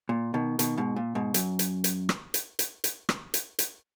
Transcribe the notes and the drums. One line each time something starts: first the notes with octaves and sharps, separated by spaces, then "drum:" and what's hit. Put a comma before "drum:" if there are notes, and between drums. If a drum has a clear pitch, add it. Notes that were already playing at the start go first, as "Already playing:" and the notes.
A#2
B2 D#3
B2 D#3, drum: hi-hat
G#2 B2
A#2
G#2 B2
F#2, drum: hi-hat
drum: hi-hat
drum: hi-hat
drum: rim click
drum: hi-hat
drum: hi-hat
drum: hi-hat
drum: rim click
drum: hi-hat
drum: hi-hat